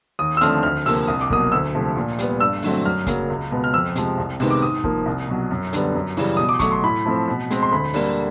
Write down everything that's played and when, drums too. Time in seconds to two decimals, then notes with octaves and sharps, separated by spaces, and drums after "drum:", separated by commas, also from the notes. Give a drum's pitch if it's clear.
0.19 D#2 D#6
0.37 E6
0.41 D3 F3 A3 C4 F6, drum: hi-hat
0.63 D2 F6
0.86 C3 F3 A#3 E6, drum: open hi-hat
1.08 C2 D#6
1.21 D6
1.30 B2 F#3 A#3 D#6, drum: kick
1.52 D2 E6
1.75 C3 F3 A3
1.97 A#2
2.18 G3 B3, drum: hi-hat
2.40 G2 E6
2.63 D3 F#3 A3 C4, drum: open hi-hat
2.85 F#2 F6
3.06 C#3 F#3 A#3, drum: kick, hi-hat
3.30 C#2
3.51 B2 G#3 B3
3.64 F6
3.74 F2 E6
3.95 C3 F3 G#3, drum: hi-hat
4.18 C2
4.40 C3 D#3 G#3 B3, drum: open hi-hat
4.50 D6
4.62 G#2 D#6
4.84 F3 A#3, drum: kick
5.06 C2
5.28 B2 F#3
5.51 F#2
5.73 D3 G3 B3, drum: hi-hat
5.95 F#2
6.17 C#3 E3 G3, drum: open hi-hat
6.37 B2 D#6
6.49 D6
6.60 F#3 A3 C#6, drum: kick, hi-hat
6.72 C6
6.83 A2 B5
7.05 F3 A3 C4
7.28 B2
7.50 G#3 C4, drum: hi-hat
7.63 C6
7.72 D2 B5
7.94 D3 G3 A#3, drum: open hi-hat